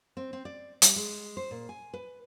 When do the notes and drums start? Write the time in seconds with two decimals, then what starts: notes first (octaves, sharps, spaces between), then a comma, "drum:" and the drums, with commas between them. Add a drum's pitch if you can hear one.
0.17 C4
0.33 C4
0.45 D5
0.82 G3, drum: hi-hat
0.96 G#3
1.37 C5
1.51 A#2
1.69 G#5
1.93 B4